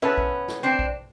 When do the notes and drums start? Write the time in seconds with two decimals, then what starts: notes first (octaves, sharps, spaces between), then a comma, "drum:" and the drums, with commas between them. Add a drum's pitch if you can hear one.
0.02 B3 C#4 B4 E5 A5
0.18 drum: kick A#1
0.48 drum: snare
0.63 C4 D4
0.79 drum: kick A#1